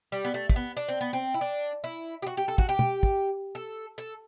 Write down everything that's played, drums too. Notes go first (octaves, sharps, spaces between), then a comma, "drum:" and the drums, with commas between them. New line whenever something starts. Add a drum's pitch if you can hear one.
G3
B3
A3
A3, drum: kick
B3
D4
C4
B3
C4
E4
D4
E4
G4
F#4
G4
A4
F#4, drum: kick
G4
drum: tom
drum: kick
A4
A4